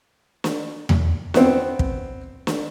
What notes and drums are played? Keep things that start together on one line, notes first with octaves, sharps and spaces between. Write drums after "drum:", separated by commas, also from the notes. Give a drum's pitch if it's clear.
drum: snare
drum: tom E2
B3 C4, drum: snare
drum: kick
drum: snare